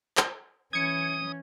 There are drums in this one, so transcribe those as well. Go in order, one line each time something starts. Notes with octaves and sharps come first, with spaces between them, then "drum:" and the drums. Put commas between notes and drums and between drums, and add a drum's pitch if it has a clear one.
drum: clap
E3 C#4 D#6 G#6 C#7 D#7